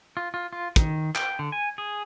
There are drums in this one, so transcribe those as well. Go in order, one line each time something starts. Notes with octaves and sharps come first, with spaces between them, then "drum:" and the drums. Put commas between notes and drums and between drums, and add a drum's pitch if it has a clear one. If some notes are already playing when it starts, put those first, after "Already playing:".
F4
F4
F4
D#3, drum: kick, hi-hat
G5, drum: clap
D3
G#5
G#4